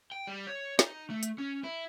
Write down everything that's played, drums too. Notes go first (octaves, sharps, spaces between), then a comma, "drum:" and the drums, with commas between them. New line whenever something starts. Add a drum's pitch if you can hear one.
G5
G3
C#5
D#4, drum: snare
A3
drum: hi-hat
C#4
E4